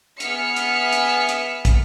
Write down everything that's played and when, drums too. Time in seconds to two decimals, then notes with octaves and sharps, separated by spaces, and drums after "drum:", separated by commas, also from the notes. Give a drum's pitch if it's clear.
0.20 B3 G#4 E5 F6 B6 C#7, drum: hi-hat
0.56 drum: hi-hat
0.93 drum: hi-hat
1.29 drum: hi-hat
1.65 drum: kick, hi-hat